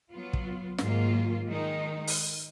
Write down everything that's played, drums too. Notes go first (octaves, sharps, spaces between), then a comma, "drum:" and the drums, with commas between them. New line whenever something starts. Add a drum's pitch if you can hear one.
F#3 B3 F4
drum: kick
G#2 D#3 F#3 A#3 F4, drum: snare
D#3 G#3 D#4
drum: open hi-hat